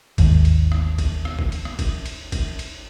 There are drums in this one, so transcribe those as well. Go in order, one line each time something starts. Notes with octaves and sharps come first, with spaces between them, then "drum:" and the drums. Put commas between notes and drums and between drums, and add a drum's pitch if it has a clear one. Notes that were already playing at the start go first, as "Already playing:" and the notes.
G#1 D#2 G#2, drum: kick G#1, cymbal
drum: cymbal
drum: rim click
drum: kick G#1, cymbal
drum: rim click
drum: kick G#1
drum: cymbal
drum: rim click
drum: kick G#1, cymbal
drum: cymbal
drum: kick G#1, cymbal
drum: cymbal